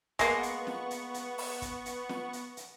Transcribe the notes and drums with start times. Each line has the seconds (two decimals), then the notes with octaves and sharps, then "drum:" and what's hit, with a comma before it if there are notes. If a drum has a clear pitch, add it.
0.19 G#3 A#3 B3 F#5 C#6, drum: kick, hi-hat
0.43 drum: hi-hat
0.67 drum: snare
0.91 drum: hi-hat
1.14 drum: hi-hat
1.38 drum: open hi-hat
1.62 drum: kick, hi-hat
1.86 drum: hi-hat
2.09 drum: snare
2.33 drum: hi-hat
2.57 drum: hi-hat